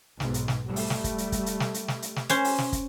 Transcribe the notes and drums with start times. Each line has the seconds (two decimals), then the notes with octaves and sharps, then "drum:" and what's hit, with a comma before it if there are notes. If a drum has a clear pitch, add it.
0.20 B1 G#2, drum: snare
0.34 drum: hi-hat
0.48 drum: snare
0.67 G3 A3
0.76 drum: open hi-hat
0.90 drum: snare
1.04 drum: kick, hi-hat
1.18 drum: hi-hat
1.32 drum: kick, hi-hat
1.46 drum: hi-hat
1.60 drum: snare
1.74 drum: hi-hat
1.88 drum: snare
2.02 drum: hi-hat
2.16 drum: snare
2.30 C#4 C5, drum: hi-hat
2.44 drum: open hi-hat
2.58 drum: snare
2.72 drum: kick, hi-hat